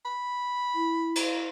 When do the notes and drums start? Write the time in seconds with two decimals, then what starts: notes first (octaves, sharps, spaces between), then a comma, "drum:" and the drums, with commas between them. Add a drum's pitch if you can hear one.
0.05 B5
0.75 E4
1.15 drum: cymbal